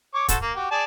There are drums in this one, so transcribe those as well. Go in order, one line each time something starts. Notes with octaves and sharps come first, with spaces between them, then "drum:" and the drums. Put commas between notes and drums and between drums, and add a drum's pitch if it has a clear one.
C#5 C#6 D6
F#4 A4 C5, drum: kick, hi-hat
A#3
F#4 G4
G#4 D5 A5